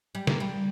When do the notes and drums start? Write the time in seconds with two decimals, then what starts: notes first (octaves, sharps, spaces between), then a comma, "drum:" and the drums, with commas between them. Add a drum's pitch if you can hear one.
0.15 G3
0.27 A#3, drum: snare
0.40 G3